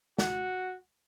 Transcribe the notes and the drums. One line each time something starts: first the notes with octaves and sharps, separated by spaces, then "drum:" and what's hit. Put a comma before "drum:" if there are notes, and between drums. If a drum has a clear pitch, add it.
F#4, drum: snare